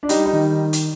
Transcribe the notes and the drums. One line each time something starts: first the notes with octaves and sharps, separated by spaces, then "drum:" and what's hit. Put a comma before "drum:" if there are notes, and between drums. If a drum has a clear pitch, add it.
D4
G3 D#4, drum: hi-hat
D#4
D#3
drum: hi-hat